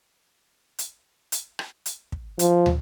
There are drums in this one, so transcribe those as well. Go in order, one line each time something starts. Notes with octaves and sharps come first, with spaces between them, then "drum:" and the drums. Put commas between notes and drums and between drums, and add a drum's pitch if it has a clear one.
drum: hi-hat
drum: hi-hat
drum: rim click
drum: hi-hat
drum: kick
F3, drum: hi-hat
drum: tom